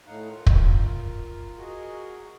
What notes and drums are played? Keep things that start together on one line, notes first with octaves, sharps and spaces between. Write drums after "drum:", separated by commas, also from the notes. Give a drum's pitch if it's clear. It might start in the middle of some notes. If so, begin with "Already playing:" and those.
A2 D#4 F5 F#5
F4 A#4
drum: kick
F#4 G#4 A#4 D#5